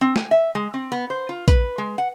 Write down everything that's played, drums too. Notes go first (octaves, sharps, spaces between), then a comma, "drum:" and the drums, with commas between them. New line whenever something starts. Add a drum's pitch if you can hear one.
C4
G#5, drum: snare
E5
G#3
C4
B3
C5
F4
B4, drum: kick, hi-hat
G#3
F#5